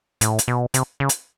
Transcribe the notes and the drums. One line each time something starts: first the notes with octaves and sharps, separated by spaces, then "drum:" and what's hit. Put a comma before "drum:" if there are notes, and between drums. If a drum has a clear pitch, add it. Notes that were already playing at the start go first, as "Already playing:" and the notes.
A2, drum: hi-hat
drum: hi-hat
B2
C3, drum: hi-hat
C#3
drum: hi-hat